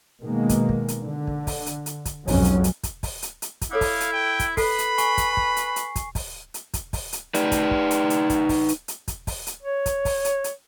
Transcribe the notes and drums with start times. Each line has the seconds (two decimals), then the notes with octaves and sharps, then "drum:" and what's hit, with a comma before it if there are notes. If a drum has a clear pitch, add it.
0.23 B2 D#3 G#3 A#3
0.49 drum: kick, hi-hat
0.69 drum: kick
0.88 drum: hi-hat
1.02 D3
1.27 drum: kick
1.47 drum: kick, open hi-hat
1.66 drum: hi-hat
1.86 drum: hi-hat
2.05 drum: kick, hi-hat
2.28 B1 F2 G#2 F#3 C#4, drum: kick, open hi-hat
2.44 drum: hi-hat
2.64 drum: hi-hat
2.83 drum: kick, hi-hat
3.03 drum: kick, open hi-hat
3.22 drum: hi-hat
3.42 drum: hi-hat
3.61 drum: kick, hi-hat
3.72 E4 A4 C#5 F5 D6
3.81 drum: kick, open hi-hat
4.00 drum: hi-hat
4.13 G5
4.39 drum: kick, hi-hat
4.57 A4 B4 B5 C7, drum: kick, open hi-hat
4.79 drum: hi-hat
4.98 G#5 C#6 C7, drum: hi-hat
5.18 drum: kick, hi-hat
5.37 drum: kick
5.57 drum: hi-hat
5.76 drum: hi-hat
5.96 drum: kick, hi-hat
6.15 drum: kick, open hi-hat
6.54 drum: hi-hat
6.74 drum: kick, hi-hat
6.93 drum: kick, open hi-hat
7.13 drum: hi-hat
7.34 D#4 B4 D5, drum: hi-hat
7.52 drum: kick, hi-hat
7.71 drum: kick
7.91 drum: hi-hat
8.10 drum: hi-hat
8.30 drum: kick, hi-hat
8.49 drum: kick, open hi-hat
8.69 drum: hi-hat
8.88 drum: hi-hat
9.08 drum: kick, hi-hat
9.27 drum: kick, open hi-hat
9.47 drum: hi-hat
9.62 C#5
9.86 drum: kick, hi-hat
10.05 drum: kick, open hi-hat
10.25 drum: hi-hat
10.44 drum: hi-hat